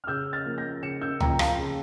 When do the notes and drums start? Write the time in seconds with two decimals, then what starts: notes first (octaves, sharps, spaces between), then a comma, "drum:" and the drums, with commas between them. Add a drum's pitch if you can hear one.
0.04 F6
0.07 C#3 E6 G6
0.33 F6 A6
0.45 F3 A#3
0.58 G6 A#6
0.82 C#3 C#7 E7
1.01 E6 G6
1.20 F3 A#3 G5 A#5, drum: tom C#2
1.39 F5 A5, drum: rim click
1.58 C#3